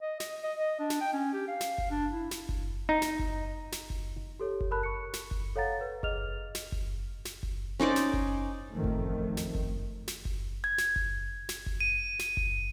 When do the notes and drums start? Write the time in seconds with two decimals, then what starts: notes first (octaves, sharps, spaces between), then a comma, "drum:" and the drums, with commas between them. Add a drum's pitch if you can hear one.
0.02 D#5
0.20 D#5, drum: snare
0.43 D#5
0.60 D#5
0.80 D4
0.90 drum: snare
1.01 G5
1.13 C#4
1.33 G4
1.48 F5
1.61 drum: snare
1.78 drum: kick F#1
1.91 D4
2.12 E4
2.31 drum: snare
2.49 drum: kick F#1
2.89 D#4
3.02 drum: snare
3.19 drum: kick F#1
3.72 drum: snare
3.90 drum: kick F#1
4.39 G4 A4 C#5
4.61 drum: kick F#1
4.71 A#4 A5 B5 F#6
4.83 C#6 C#7
5.13 drum: snare
5.31 drum: kick F#1
5.56 A4 C#5 F5 F#5 A#5 A6
5.81 B4
6.03 G#4 D#5 F6 F7, drum: kick F#1
6.55 drum: snare
6.72 drum: kick F#1
7.25 drum: snare
7.43 drum: kick F#1
7.80 C#4 D#4 C5 D5
7.96 drum: snare
8.13 drum: kick F#1
8.73 A1 F2 D#3 A3
8.84 drum: kick F#1
9.37 drum: snare
9.55 drum: kick F#1
10.08 drum: snare
10.25 drum: kick F#1
10.64 G#6
10.78 drum: snare
10.96 drum: kick F#1
11.49 drum: snare
11.66 drum: kick F#1
11.80 D#7
12.19 drum: snare
12.37 drum: kick F#1